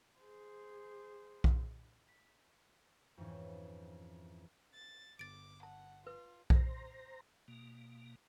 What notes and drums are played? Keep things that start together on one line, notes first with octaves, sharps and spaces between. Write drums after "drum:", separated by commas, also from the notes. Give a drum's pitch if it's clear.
G#4 C5
drum: kick B1
B6
F2 G#2 E3 C#4
A6
G1 D6 A6 D7
F#5 A5
F4 B4
C5 A#5, drum: kick B1
B2 A#3